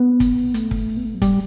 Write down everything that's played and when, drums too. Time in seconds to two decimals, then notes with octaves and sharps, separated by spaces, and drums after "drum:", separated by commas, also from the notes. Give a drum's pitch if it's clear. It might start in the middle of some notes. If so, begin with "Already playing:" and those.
Already playing: B3
0.20 drum: kick, hi-hat
0.54 A3, drum: hi-hat
0.71 drum: kick
0.97 B3
1.05 A3
1.15 F#3
1.22 G3, drum: kick, hi-hat